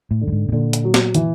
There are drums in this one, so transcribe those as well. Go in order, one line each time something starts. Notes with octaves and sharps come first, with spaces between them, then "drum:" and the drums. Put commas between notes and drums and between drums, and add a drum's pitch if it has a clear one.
A2
D3
G2
G#2
B2
A#2 D3
drum: hi-hat
F#3
drum: snare
E3, drum: hi-hat